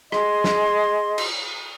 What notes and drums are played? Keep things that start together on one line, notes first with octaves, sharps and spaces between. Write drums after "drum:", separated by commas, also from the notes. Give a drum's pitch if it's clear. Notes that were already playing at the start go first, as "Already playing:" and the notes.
G#4 D#5 C6, drum: rim click
drum: snare
drum: cymbal